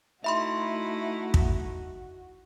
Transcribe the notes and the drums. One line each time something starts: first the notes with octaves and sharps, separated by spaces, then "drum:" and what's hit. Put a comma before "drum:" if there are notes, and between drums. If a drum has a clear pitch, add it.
A3 D#4 E4 F#4 E5 B5 C6
drum: kick